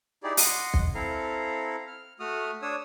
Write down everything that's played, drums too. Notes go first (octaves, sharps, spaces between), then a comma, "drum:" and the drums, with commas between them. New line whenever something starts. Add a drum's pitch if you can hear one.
D#4 E4 G4 G#4 D5
D#5 F#5 C6, drum: open hi-hat
drum: kick
C4 E4 A4 F5 A#5
F6
A3 F#4 D#6 F6
D4 C#5 D#6 E6